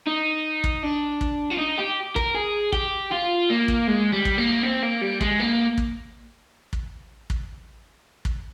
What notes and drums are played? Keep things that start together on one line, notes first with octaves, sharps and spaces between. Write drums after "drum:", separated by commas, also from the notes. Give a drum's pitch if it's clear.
D#4
drum: kick
D4
drum: kick
F4
D#4
G4
A#4, drum: kick
G#4
G4, drum: kick
F4
A#3
drum: kick
G#3
G3
drum: kick
A#3
C4
A#3
G3
G#3, drum: kick
A#3
drum: kick
drum: kick
drum: kick
drum: kick